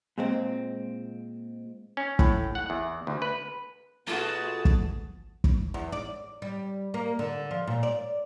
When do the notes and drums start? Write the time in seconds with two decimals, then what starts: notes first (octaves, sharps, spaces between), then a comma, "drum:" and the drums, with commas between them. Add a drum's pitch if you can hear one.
0.18 A#2 G#3 C4
1.97 C#4
2.19 A2, drum: kick
2.55 F#5
2.70 E2
3.07 D2
3.22 B4
4.07 B2 A3 B3 F4 F#4 G#4 A5
4.65 drum: kick
5.44 drum: kick
5.74 E2
5.92 D5
6.42 G3
6.94 A#3
7.19 D3
7.51 F3
7.67 A#2
7.83 D5